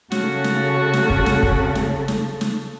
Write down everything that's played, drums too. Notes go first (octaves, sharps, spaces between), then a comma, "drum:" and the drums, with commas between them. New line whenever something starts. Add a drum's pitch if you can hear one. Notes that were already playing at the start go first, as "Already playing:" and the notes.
C#3 C#4 F#4 A4, drum: snare
drum: snare
drum: snare
drum: kick
drum: snare
drum: kick
drum: snare
drum: snare
drum: snare